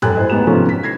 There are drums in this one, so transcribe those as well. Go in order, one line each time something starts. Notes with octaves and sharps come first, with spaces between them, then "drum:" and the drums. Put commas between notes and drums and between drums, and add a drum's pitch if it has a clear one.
F#2 G4 A4 G#5 F#6, drum: tom
E4 C5 D#5 G#5
A1 G#2 B3 G4 E7
C3 D#3 F3 A3 B3 C#4
B6
G#6 A#6 C7